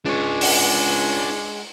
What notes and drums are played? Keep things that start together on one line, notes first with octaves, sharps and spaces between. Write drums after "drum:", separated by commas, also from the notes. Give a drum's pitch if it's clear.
C#2 G#3 D4 C#5
drum: open hi-hat